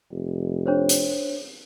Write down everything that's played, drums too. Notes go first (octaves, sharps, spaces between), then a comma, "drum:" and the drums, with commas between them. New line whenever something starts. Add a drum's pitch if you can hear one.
F1
D4 C5 C#5
drum: hi-hat